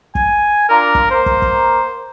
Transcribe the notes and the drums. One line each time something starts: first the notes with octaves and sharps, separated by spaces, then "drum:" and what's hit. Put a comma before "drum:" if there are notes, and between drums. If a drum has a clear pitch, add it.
G#5, drum: kick
D4 F4 A#4 A#5
drum: kick
A#3 A#4 C5
drum: kick
drum: kick